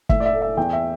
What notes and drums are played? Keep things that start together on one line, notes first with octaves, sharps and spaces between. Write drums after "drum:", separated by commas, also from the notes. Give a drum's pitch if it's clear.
A2 E5, drum: kick
D5
E5
A3
E5
E2 G5
E5